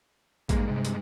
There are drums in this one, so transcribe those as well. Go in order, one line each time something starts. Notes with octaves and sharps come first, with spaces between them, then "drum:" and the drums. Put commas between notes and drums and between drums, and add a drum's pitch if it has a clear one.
G2 G#3 A#3, drum: kick A1, hi-hat
C3
drum: hi-hat